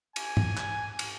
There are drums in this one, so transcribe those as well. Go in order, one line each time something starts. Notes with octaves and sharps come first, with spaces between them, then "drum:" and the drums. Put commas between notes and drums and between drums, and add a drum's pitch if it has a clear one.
G#5, drum: cymbal
drum: tom
drum: clap
drum: cymbal